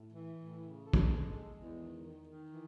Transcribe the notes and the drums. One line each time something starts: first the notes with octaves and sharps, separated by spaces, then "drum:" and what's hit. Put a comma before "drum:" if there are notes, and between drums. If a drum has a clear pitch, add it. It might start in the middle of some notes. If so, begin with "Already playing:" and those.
Already playing: A2
E3
A2
C#3
A4
drum: kick
G#3
G#3
E2
D#3
D#3
D#3
E3